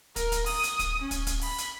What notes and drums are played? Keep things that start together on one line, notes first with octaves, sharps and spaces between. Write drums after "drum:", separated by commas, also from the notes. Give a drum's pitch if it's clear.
A#4, drum: kick, hi-hat
drum: kick, hi-hat
D#6, drum: open hi-hat
drum: hi-hat
drum: kick, hi-hat
C#4
drum: kick, hi-hat
drum: kick, hi-hat
B5, drum: open hi-hat
drum: hi-hat